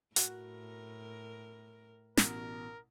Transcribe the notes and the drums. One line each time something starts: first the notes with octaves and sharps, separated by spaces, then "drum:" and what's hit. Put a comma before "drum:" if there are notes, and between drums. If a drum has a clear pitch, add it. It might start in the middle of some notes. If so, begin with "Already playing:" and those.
A2 F#4 A#4 F#5, drum: hi-hat
A1 B2 A#4, drum: snare